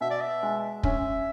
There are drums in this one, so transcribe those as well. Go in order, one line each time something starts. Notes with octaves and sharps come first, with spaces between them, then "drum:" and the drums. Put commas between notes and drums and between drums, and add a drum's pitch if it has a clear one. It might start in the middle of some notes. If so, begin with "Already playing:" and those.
B2 E5
D5
E5
G#3
C#4 E5, drum: kick